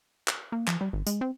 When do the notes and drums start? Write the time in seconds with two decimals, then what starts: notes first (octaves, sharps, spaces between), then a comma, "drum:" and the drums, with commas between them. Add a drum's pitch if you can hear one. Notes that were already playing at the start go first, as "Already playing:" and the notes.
0.28 drum: clap
0.52 A#3
0.68 F3, drum: clap
0.81 G3
0.93 G#1
1.07 G#3, drum: tambourine
1.21 C4